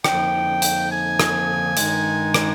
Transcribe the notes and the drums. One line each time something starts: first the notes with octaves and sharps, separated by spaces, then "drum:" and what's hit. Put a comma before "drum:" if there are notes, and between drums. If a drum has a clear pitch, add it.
F2 D3 F3 A#3 D#4 G5, drum: rim click
drum: hi-hat
G#5
drum: rim click
G2 D#3 G#3 D#4, drum: hi-hat
drum: rim click